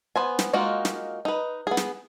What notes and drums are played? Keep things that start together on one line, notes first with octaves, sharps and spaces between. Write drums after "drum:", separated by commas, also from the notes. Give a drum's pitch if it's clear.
B3 C5 G#5
drum: snare
G#3 A#3 D#4 F4 F#4
drum: snare
D#4 B4
B3 G#4
drum: snare